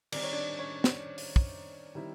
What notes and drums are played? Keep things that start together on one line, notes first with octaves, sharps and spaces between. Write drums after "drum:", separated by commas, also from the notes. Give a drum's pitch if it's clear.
D#3 G3 C4 D#4 D5, drum: cymbal
C#5
D4 D5
C#4 C#5
drum: snare
drum: open hi-hat
drum: kick
D#3 G3 C4 E4